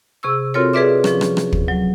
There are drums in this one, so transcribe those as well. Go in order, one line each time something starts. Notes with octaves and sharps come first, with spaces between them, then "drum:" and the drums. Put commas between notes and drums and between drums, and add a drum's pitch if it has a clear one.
C3 G#4 C#6 E6
C4 F4 F#4 A4 A#4 C#5
G#4 A4 B4 D5 E5 D6
F3 C#4, drum: rim click
drum: rim click
drum: rim click
drum: kick
F#3